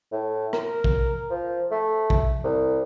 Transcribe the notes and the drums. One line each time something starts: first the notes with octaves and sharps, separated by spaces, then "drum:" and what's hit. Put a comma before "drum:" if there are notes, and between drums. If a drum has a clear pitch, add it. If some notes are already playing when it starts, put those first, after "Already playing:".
A2
A#4, drum: rim click
drum: kick
F3
A3
drum: kick
C2